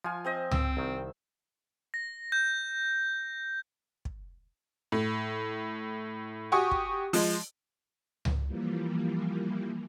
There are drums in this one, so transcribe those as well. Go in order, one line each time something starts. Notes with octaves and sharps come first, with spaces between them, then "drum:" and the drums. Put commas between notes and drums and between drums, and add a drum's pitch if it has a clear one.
F3 F4 G#5
C4 C5 D#5
C4 E6, drum: tom C#2
C2 D#3
A#6
G6
drum: kick
A2
F#4 G4 G#5 C#6 D#6
drum: kick
F3 G#3, drum: open hi-hat
drum: tom C#2
E3 F3 G3 A#3